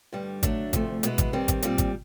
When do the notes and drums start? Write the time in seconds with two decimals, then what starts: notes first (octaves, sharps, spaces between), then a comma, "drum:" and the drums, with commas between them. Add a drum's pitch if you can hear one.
0.13 G2 D3 G3
0.43 D3 F#3 A3 D4, drum: kick G#1, hi-hat
0.73 D2 C3 F3 A3, drum: kick G#1, hi-hat
1.03 B2 G#3 B3 E4, drum: hi-hat
1.18 drum: kick G#1, hi-hat
1.33 G2 D#3 G3 C4
1.48 drum: kick G#1, hi-hat
1.62 A#2 G3 C4, drum: hi-hat
1.78 drum: kick G#1, hi-hat